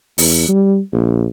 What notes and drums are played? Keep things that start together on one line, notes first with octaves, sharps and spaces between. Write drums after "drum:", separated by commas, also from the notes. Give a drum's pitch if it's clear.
E2, drum: open hi-hat
G3
A#1